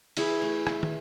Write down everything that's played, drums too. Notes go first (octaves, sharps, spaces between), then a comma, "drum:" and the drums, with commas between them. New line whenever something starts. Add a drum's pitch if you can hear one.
E3 E4 G#4, drum: cymbal
A3
E3, drum: rim click
drum: tom